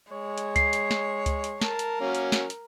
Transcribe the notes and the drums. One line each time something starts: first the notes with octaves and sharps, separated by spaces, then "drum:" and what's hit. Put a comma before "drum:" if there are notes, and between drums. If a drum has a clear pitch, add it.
G#3 C#5
drum: hi-hat
C7, drum: kick C#2, hi-hat
drum: hi-hat
drum: snare
drum: kick C#2, hi-hat
drum: hi-hat
A#4 A5, drum: snare
drum: hi-hat
F#3 A#3 C#4
drum: hi-hat
drum: snare
drum: hi-hat